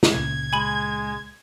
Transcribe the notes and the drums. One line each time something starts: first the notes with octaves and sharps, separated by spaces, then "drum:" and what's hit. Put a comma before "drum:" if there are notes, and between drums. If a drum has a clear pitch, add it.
drum: snare
C#2 A#2 C#3 G#6
G#3 G#5 B5 F#7